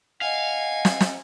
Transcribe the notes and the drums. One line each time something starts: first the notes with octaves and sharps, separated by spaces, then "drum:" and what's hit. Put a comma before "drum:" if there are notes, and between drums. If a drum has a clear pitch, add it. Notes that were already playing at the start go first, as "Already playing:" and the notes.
D#5 F5 F#5 G#5
drum: snare
drum: snare